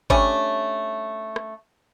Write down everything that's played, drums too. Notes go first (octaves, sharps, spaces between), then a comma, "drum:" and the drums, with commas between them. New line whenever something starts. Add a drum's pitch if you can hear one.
G3 A3 C#4 D4, drum: kick G#1
drum: rim click